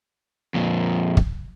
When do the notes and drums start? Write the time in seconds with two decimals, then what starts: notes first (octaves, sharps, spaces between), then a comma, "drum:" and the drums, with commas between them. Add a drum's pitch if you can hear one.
0.54 F2 A#2
1.17 drum: kick